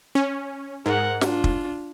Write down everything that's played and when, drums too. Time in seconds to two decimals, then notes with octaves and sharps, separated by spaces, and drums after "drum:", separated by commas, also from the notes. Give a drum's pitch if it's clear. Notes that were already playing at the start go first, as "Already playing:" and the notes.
0.15 C#4
0.86 G#2 A#4 F#5
1.21 D4 F4, drum: snare
1.44 drum: kick